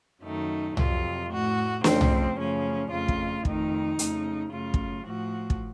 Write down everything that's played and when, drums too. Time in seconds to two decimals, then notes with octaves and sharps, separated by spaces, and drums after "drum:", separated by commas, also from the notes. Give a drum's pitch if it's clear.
0.23 F#2 D#3 F#3 A3 D#4
0.77 F2 C3 F#3 F4, drum: tom C2
1.31 A2 A3 F#4
1.84 F2 C#3 F3 A3 C4, drum: snare
2.01 drum: tom C2
2.38 F#2 C#3 F3 A3 C#4
2.91 F2 C#3 A3 F4
3.08 drum: kick
3.45 F2 D#3 A3 D#4, drum: kick
3.99 F2 C#3 A3, drum: hi-hat
4.52 F#2 C#3 A3 F4
4.74 drum: kick
5.06 A2 F3 A3 F#4
5.50 drum: kick